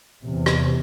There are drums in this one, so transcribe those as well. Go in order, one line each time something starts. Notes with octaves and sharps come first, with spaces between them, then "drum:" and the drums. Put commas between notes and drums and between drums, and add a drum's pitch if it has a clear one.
E2 C3
drum: rim click